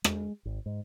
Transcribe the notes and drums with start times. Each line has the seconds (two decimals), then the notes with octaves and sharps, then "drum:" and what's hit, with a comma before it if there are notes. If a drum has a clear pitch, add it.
0.04 G#3, drum: rim click
0.45 G#1
0.66 G#2